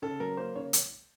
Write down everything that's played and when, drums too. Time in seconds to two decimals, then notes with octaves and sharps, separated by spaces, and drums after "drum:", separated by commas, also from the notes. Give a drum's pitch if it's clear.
0.02 C#3 A4
0.20 F#3 A#4
0.37 A#3 C5
0.55 C#3 C#5
0.73 drum: hi-hat